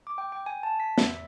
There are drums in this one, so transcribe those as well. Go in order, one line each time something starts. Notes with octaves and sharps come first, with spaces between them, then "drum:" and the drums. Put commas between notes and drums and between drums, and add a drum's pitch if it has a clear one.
D6
G5
G5
G#5
A5
B6
E5, drum: snare